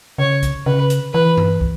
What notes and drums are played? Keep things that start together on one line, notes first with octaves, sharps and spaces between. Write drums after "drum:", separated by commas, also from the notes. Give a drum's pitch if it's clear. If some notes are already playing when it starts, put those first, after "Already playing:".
C#3 C#5
drum: kick, hi-hat
C#3 B4
drum: hi-hat
E3 B4
drum: tom G2
drum: kick